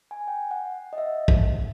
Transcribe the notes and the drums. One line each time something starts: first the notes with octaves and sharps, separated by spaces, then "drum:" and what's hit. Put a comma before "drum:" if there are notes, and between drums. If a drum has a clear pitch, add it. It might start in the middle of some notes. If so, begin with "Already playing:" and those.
G#5
G5
F#5
D#5
E5
drum: kick